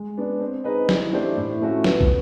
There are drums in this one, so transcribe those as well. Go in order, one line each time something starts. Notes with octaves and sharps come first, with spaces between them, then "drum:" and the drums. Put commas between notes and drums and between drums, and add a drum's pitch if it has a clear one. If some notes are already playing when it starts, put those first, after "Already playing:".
Already playing: G#3
B3 D4
C4
D#4 G#4 B4 D#5
E3, drum: snare
A3 D4 G4 C5
A2
F3 A3 C#4 F#4
B3, drum: snare
drum: kick